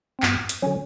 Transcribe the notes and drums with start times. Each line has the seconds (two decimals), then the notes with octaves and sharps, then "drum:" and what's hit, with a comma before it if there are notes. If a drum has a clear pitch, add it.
0.19 C4
0.23 G2 B3, drum: clap
0.49 drum: hi-hat
0.62 D3 F#3 C#4